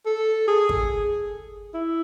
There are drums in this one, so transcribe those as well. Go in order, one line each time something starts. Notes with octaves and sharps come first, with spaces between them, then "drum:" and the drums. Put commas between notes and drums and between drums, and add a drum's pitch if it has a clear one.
A4
G#4
drum: kick
E4